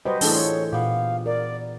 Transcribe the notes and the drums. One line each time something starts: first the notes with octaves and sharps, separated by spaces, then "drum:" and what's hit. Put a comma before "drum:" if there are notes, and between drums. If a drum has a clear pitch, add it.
F#3 G3 B4 C5 D#5
A2 E3 D4 G#4 A4 A5, drum: open hi-hat
F4 C#5
A#2 B3 G4 F5
A#4 D5